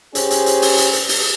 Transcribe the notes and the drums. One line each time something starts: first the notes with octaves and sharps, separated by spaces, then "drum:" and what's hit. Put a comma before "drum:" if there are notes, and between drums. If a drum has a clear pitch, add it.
C#4 G4 G#4 C5, drum: hi-hat
drum: hi-hat
drum: hi-hat
drum: open hi-hat
drum: hi-hat
drum: hi-hat
drum: open hi-hat